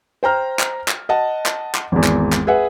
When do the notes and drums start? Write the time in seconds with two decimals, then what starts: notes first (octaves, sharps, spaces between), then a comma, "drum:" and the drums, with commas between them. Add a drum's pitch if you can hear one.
0.23 C5 G5 A#5 F6
0.59 drum: clap
0.88 drum: clap
1.09 D#5 F#5 A5
1.46 drum: clap
1.75 drum: clap
1.92 G#1 E2
2.04 drum: clap
2.33 drum: clap
2.47 G#4 B4 E5 F#5